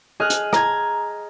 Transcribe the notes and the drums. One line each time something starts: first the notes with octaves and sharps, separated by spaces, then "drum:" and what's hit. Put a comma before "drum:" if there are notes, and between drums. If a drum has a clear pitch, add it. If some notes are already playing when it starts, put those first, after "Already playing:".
G#4 D#5 F6 F#6
drum: hi-hat
A#5 G#6, drum: rim click